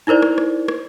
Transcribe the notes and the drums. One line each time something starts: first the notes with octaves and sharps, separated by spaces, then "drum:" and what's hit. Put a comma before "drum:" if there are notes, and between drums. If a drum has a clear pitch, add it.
D#4 E4 A#4 C5 D5
drum: rim click
drum: rim click
drum: rim click